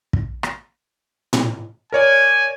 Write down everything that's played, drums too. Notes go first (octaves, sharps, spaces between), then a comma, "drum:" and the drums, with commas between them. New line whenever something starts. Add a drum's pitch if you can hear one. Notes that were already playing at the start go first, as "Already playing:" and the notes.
drum: kick
drum: rim click
drum: tom A2
A#4 C#5 D5 G#5